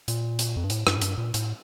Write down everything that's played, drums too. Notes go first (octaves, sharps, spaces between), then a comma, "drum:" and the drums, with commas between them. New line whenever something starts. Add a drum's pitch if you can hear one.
A#2, drum: hi-hat
drum: hi-hat
F2
G2
A2, drum: hi-hat
G2, drum: rim click
A2
G2, drum: hi-hat
A#2
A2, drum: hi-hat